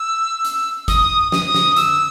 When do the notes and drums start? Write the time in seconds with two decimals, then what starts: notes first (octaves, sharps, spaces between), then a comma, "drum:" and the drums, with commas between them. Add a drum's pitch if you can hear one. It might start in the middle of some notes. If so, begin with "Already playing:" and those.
Already playing: E6
0.45 drum: hi-hat
0.88 D#6, drum: kick, hi-hat
1.32 D#6, drum: snare
1.54 drum: snare
1.76 E6, drum: hi-hat